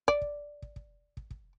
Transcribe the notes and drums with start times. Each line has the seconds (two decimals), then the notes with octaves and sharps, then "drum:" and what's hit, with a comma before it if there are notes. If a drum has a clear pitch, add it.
0.08 D5, drum: kick
0.22 drum: kick
0.62 drum: kick
0.76 drum: kick
1.17 drum: kick
1.31 drum: kick